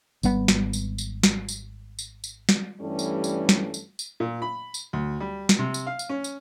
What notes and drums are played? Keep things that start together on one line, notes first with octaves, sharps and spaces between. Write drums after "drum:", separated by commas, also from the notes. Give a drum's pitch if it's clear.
G#1 G3 B3, drum: tambourine
drum: snare
drum: tambourine
drum: tambourine
drum: snare
drum: tambourine
drum: tambourine
drum: tambourine
drum: snare
G2 E3 G3 A3 C#4 A4
drum: tambourine
drum: tambourine
drum: snare
drum: tambourine
drum: tambourine
A#2
B5
drum: tambourine
D2
G3
drum: snare
C3
drum: tambourine
F5
drum: tambourine
C#4
drum: tambourine